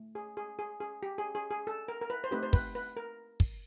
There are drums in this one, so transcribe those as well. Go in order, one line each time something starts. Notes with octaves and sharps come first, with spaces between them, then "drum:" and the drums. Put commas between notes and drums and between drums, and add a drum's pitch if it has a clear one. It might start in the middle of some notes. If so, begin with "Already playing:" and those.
Already playing: A3
G#4
G#4
G#4
G#4
G4
G#4
G#4
G#4
A4
A#4
A#4
B4
C5
A3 C4 D#4 G4 B4
C5
B4, drum: kick
B4
A#4
drum: kick